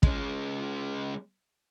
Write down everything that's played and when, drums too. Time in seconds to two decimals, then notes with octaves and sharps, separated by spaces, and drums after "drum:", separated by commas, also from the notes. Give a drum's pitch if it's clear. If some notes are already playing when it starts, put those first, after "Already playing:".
0.03 G#3 C#4, drum: kick